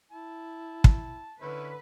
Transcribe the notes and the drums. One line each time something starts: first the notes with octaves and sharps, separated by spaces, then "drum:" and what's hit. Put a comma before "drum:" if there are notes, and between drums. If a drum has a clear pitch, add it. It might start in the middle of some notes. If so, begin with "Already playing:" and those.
E4 A5
drum: kick
D3 C#4 E4 B4